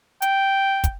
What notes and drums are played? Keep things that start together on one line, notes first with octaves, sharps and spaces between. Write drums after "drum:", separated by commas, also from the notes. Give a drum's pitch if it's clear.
G5, drum: hi-hat
drum: kick, hi-hat